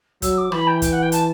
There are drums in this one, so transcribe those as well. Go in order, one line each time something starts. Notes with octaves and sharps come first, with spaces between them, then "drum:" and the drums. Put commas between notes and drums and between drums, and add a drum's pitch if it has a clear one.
F#3 E6, drum: kick, hi-hat
D6
E3 B5, drum: rim click
G5
G5, drum: kick, hi-hat
F#5
G5
A5, drum: hi-hat